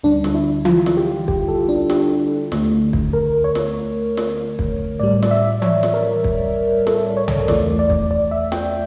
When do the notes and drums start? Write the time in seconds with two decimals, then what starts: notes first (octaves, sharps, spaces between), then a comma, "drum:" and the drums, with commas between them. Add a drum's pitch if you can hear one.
0.04 D2 D3 G3 D4
0.24 drum: snare
0.35 E4
0.65 F4, drum: tom E3
0.86 drum: snare
0.97 G4
1.28 G4, drum: kick
1.48 A4
1.69 D4
1.90 G4, drum: snare
2.52 D2 D3 A3, drum: snare
2.93 drum: kick
3.13 A#4
3.44 C#5
3.55 drum: snare
4.17 drum: snare
4.59 drum: kick
5.00 A2 G3 D5
5.23 D5, drum: snare
5.31 E5
5.62 C#5, drum: tom E3
5.83 drum: snare
5.94 A#4
6.24 drum: kick
6.87 A4, drum: snare
7.17 C#5
7.28 drum: tom
7.48 E2 E3 A3 D5, drum: snare
7.79 D5
7.90 drum: kick
8.11 D5
8.31 E5
8.52 G5, drum: snare